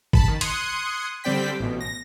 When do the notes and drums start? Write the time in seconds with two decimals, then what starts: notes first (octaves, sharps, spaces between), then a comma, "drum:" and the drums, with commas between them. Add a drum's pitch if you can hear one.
0.13 A5 B5, drum: kick G#1
0.28 D#3
0.41 C6 D#6 F#6 G#6 C#7, drum: hi-hat
1.24 D3 G3 C4 D5 G5 B6
1.60 A1 B2
1.81 A#6